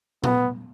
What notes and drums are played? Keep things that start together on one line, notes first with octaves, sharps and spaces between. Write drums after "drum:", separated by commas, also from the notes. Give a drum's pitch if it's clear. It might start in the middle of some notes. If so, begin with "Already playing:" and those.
B3, drum: tom A#2